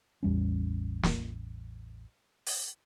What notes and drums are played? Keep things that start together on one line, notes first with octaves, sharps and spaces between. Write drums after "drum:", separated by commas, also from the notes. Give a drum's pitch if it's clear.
A1 E2 G3 C#4
drum: snare
drum: open hi-hat